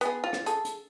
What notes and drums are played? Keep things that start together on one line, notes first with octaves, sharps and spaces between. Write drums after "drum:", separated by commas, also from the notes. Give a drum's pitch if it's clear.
B3 G#4, drum: hi-hat
F4
drum: rim click
G#4 A4, drum: hi-hat
drum: hi-hat